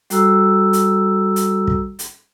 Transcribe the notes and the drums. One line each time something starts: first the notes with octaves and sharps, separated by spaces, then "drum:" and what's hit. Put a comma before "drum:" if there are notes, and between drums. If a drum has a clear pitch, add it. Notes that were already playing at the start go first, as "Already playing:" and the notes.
G3 F#4 A4 A#5 E6, drum: hi-hat
drum: hi-hat
drum: hi-hat
drum: kick
drum: hi-hat